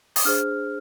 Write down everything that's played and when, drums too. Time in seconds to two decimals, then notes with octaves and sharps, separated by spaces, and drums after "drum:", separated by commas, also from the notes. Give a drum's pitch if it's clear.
0.16 D#6, drum: open hi-hat
0.25 D4 G#4 C5 F6